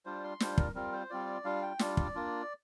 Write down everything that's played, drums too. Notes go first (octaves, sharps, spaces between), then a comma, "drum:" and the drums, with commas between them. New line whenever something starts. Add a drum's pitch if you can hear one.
G3 D4 F4 C5
C6
G3 D4 F4 C5, drum: snare
A#4, drum: kick
G3 C4 F4 A#4
C5
G3 C4 F4 D5
G3 D4 F4 F5
G5
G3 D4 F4 D5, drum: snare
drum: kick
A#3 D4 F4